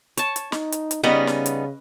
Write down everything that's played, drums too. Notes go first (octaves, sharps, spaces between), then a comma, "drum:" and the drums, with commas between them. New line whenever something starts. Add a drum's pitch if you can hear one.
C#5 A5, drum: hi-hat
drum: hi-hat
D#4, drum: snare
drum: hi-hat
drum: hi-hat
C#3 G3 B3 C#4 D#4 B4 D#5
drum: snare
drum: hi-hat